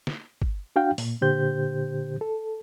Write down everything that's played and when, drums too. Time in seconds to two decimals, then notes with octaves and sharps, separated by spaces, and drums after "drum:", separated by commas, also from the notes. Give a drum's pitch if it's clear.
0.07 drum: snare
0.42 drum: kick
0.76 D4 F#4 F5 G5
0.98 A#2, drum: open hi-hat
1.22 A#2 D3 G4 C5 G6
2.21 A4